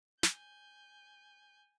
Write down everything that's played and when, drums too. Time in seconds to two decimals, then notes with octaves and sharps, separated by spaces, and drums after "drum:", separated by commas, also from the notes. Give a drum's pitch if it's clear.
0.23 G#5 G6, drum: snare